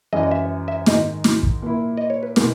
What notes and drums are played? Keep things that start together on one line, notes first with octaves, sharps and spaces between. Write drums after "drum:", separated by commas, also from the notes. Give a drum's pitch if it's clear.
F#2 E3 G#3 D#5
D#5
E5
E5
G#2 D#3 G#3 D#4 D#5, drum: snare
drum: snare
drum: kick
A#2 A#3 E4
D#5
C#5
B4
B2 G#3 B3 A#4, drum: snare